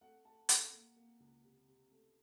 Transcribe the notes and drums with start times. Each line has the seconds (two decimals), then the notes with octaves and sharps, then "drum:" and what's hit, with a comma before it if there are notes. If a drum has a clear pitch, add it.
0.01 A3 F#5
0.25 A3 A5
0.49 A3 F#5, drum: hi-hat
0.73 A#3
0.96 A#3
1.20 C#2
1.44 C3
1.68 C3
1.91 A3